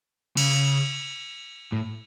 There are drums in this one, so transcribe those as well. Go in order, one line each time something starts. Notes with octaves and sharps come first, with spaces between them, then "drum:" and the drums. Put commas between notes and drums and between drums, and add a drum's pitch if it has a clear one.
C#3, drum: cymbal
A2